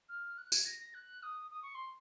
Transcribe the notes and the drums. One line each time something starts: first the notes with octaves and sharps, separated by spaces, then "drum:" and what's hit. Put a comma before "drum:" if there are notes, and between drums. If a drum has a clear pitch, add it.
F6
F#6
G#6, drum: tambourine
A#6
A#6
F#6
D#6
D#6
C#6
C6